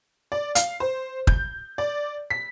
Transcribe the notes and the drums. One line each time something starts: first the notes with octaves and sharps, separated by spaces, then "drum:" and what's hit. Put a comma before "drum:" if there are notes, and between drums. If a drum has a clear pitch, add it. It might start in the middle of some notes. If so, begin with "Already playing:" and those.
D5
F5, drum: hi-hat
C5
G6, drum: kick
D5
B6